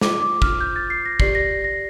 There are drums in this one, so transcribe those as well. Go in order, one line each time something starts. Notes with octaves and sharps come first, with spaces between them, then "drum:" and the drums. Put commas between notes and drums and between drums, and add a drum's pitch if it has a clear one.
F4 C5 D6, drum: snare
D6
F6, drum: kick
G6
A6
C7
A#6
G4 D5 C7, drum: kick
A#6
A#6